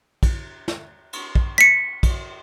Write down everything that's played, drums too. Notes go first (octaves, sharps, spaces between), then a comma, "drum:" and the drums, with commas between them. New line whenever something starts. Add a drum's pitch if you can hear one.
drum: kick, cymbal
drum: snare
drum: cymbal
drum: kick
B6 C#7, drum: snare
drum: kick, cymbal